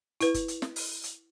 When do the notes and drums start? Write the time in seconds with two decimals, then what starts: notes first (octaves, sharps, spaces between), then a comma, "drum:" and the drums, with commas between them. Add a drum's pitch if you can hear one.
0.20 E4 B4, drum: hi-hat
0.34 drum: kick F#1, hi-hat
0.48 drum: hi-hat
0.62 drum: snare
0.76 drum: open hi-hat
1.04 drum: hi-hat